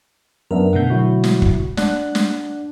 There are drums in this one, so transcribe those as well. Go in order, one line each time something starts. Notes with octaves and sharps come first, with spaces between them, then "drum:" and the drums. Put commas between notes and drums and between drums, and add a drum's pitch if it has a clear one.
F#2 B3 D4 A#4 E5
B2 D3 A3 F#5 G6
F#3 E4 F#4
drum: snare
drum: kick
D4 D5 F#5 F#6, drum: snare
drum: snare